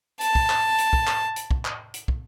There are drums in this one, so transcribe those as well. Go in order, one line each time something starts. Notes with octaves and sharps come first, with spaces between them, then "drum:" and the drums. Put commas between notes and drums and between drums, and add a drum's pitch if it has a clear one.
A5, drum: hi-hat
drum: kick
drum: clap
drum: hi-hat
drum: kick
drum: clap
drum: hi-hat
drum: kick
drum: clap
drum: hi-hat
drum: kick